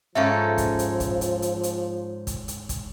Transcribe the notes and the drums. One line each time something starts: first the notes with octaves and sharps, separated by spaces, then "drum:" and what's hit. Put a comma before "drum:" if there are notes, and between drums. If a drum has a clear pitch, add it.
G#2 F3 C#4 A4 E5 F5 C#6
drum: kick, hi-hat
drum: hi-hat
drum: kick, hi-hat
drum: hi-hat
drum: hi-hat
drum: hi-hat
drum: kick, hi-hat
drum: hi-hat
drum: kick, hi-hat